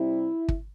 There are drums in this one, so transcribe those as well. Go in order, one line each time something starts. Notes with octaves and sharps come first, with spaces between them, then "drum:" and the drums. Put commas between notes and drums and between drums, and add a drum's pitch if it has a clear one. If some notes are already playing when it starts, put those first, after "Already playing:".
Already playing: C3 G3 C4 E4
drum: kick